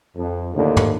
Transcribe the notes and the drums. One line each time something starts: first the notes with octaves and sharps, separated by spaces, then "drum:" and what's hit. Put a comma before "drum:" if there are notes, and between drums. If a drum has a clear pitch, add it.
F2
D#2 A2 D3
drum: tom